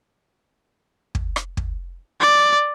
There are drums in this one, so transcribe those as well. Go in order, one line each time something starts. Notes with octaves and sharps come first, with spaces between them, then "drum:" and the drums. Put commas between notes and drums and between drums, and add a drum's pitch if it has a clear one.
drum: kick
drum: rim click
drum: kick
D5